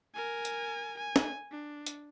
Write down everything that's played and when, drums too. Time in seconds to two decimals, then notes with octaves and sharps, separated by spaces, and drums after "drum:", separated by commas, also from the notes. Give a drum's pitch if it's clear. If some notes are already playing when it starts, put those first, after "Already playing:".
0.15 A#4 G#5
0.45 drum: hi-hat
0.98 G#5
1.16 drum: snare
1.51 D4
1.86 drum: hi-hat